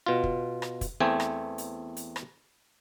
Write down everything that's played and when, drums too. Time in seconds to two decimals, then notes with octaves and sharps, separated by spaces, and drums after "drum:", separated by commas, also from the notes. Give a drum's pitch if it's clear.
0.06 B2 F4
0.24 drum: kick
0.62 drum: rim click
0.81 drum: kick, hi-hat
1.00 E2 A3 C4 G5 G#5
1.20 drum: rim click
1.58 drum: hi-hat
1.97 drum: hi-hat
2.16 drum: rim click